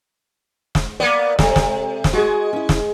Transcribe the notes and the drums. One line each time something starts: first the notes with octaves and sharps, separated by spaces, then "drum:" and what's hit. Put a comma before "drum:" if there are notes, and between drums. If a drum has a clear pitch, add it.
drum: snare
A#3 B3 D5
C3 G#3 A4 A#5, drum: snare
drum: snare
drum: snare
G#3 F#4 G#4
C#4 E4
drum: snare